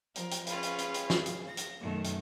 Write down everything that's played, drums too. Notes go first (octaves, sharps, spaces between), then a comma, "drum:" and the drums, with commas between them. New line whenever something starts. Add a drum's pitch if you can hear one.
F3 A#4, drum: hi-hat
drum: hi-hat
C#4 F4 G#4 B4 F5, drum: hi-hat
drum: hi-hat
drum: hi-hat
drum: hi-hat
drum: snare
drum: hi-hat
A#6
drum: hi-hat
F#2 B2 D#3 A3
drum: hi-hat